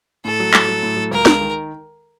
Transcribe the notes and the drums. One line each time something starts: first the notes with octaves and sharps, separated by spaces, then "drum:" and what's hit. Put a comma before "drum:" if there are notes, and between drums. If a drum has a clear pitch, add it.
A2 A4
F#3
A2, drum: clap
F#3
A2
F#3
C#2 A#4
G#3, drum: snare
D#3